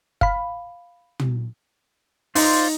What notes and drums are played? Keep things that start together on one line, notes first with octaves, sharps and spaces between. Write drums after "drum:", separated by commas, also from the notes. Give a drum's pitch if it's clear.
F5 B5, drum: kick F#1
drum: tom
D#4 F4 C5 D5, drum: open hi-hat